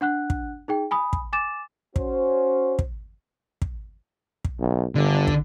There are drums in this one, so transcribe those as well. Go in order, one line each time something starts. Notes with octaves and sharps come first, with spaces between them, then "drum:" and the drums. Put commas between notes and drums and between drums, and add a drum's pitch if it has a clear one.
D4 F#5 F#6
drum: kick
D#4 G#4 G5
G#5 B5 D#6
drum: kick
G#5 D6 A6 E7
C#4 F#4 C5, drum: kick
drum: kick
drum: kick
drum: kick
B1
G1 D3
drum: kick